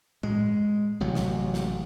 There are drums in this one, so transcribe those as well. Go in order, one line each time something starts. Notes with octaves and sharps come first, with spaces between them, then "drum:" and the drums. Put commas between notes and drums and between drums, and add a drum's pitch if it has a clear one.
G#3, drum: tom A2
A1 C3 F#3
drum: snare
drum: snare